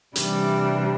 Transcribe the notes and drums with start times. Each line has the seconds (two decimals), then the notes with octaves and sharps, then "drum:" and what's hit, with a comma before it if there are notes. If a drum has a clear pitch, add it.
0.16 C3 E3 G3 D4, drum: hi-hat